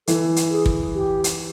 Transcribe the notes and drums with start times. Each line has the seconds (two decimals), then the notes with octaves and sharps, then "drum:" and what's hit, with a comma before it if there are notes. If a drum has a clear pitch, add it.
0.07 E3 A4, drum: hi-hat
0.36 drum: hi-hat
0.51 G#4
0.66 drum: kick
0.95 G4
1.24 drum: hi-hat